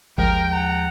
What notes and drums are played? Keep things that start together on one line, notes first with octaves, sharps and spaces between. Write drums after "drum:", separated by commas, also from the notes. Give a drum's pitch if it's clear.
D#2 F3 G#3 A#4 G5, drum: kick G#1
F#5 A5 A#5